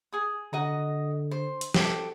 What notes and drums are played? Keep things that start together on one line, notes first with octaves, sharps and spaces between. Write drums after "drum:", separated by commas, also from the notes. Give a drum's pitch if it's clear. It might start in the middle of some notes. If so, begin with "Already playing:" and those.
G#4 D#6
D3 F#4 D#5 A#5
C5
drum: hi-hat
G4 A4, drum: snare